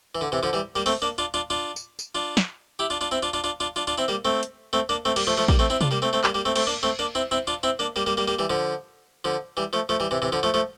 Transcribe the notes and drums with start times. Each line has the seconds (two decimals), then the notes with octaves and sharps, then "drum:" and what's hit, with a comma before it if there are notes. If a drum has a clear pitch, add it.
0.15 E3
0.21 D3
0.32 C3 E3
0.43 D3 F3
0.53 E3 G3
0.76 G3 A#3
0.86 A3 C4, drum: open hi-hat
1.02 A#3 D4
1.18 D4 F4
1.34 D4 F4
1.50 D4 F4
1.76 drum: tambourine
1.99 drum: tambourine
2.15 D4 F4
2.37 drum: snare
2.79 E4 G4
2.90 D4 F4
3.01 D4 F4
3.11 C4 E4
3.23 D4 F4
3.33 D4 F4
3.44 D4 F4
3.60 D4 F4
3.76 D4 F4
3.87 D4 F4
3.98 C4 E4
4.08 G3 A#3
4.25 A3 C4
4.43 drum: hi-hat
4.73 A3 C4
4.89 A#3 D4
5.05 A3 C4
5.16 G3 A#3, drum: cymbal
5.27 F3 A3
5.37 F3 A3
5.48 G3 A#3, drum: kick
5.59 A3 C4
5.70 C4 E4
5.81 D4 F4, drum: tom C3
5.91 G3 A#3
6.02 A3 C4
6.13 A3 C4
6.24 G3 A#3, drum: clap
6.34 G3 A#3
6.45 A3 C4
6.56 A3 C4, drum: cymbal
6.67 A#3 D4
6.83 A3 C4
6.99 A#3 D4
7.15 C4 E4
7.31 C4 E4
7.47 D4 F4
7.63 C4 E4
7.79 A#3 D4
7.96 G3 A#3
8.06 G3 A#3
8.17 G3 A#3
8.28 G3 A#3
8.39 E3 G3
8.50 D3 F3
9.25 D3 F3
9.57 E3 G3
9.73 F3 A3
9.89 F3 A3
10.00 E3 G3
10.11 C3 E3
10.22 C3 E3
10.32 D3 F3
10.43 F3 A3
10.54 F3 A3